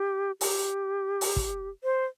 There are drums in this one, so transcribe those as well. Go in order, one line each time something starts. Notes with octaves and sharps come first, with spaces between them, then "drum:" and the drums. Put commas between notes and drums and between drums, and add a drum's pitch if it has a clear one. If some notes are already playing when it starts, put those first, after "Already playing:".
Already playing: G4
G4, drum: open hi-hat
drum: open hi-hat
drum: kick
C5